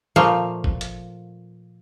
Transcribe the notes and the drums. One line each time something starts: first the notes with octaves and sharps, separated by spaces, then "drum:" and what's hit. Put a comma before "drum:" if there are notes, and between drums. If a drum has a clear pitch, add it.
A#2 F3 A3 A#3 F5
drum: kick G1
drum: hi-hat